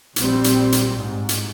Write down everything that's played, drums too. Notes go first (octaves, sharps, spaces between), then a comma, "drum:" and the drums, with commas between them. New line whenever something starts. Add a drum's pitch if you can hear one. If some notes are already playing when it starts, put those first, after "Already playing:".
A#1 G3 C4, drum: hi-hat
drum: hi-hat
drum: hi-hat
G#2
drum: hi-hat